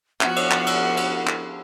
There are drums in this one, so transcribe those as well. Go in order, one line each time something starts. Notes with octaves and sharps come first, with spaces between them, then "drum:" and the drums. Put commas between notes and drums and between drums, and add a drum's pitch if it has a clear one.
F3 B3 F#4 F#5, drum: clap
drum: cymbal
drum: clap
drum: cymbal
drum: cymbal
drum: clap